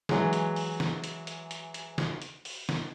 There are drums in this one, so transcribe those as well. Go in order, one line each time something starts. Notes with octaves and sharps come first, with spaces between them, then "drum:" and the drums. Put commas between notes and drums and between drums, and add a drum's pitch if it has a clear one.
E3 F#3 G#3, drum: snare
drum: hi-hat
drum: open hi-hat
drum: snare
drum: hi-hat
drum: hi-hat
drum: hi-hat
drum: hi-hat
drum: snare
drum: hi-hat
drum: open hi-hat
drum: snare